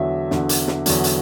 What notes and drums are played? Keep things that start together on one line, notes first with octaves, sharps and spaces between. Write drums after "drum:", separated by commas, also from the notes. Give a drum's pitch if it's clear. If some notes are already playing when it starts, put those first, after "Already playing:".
Already playing: E2 D3 F#3 E5
E2 D3 F#3, drum: snare
drum: hi-hat
drum: snare
E2 D3 F#3, drum: hi-hat
drum: hi-hat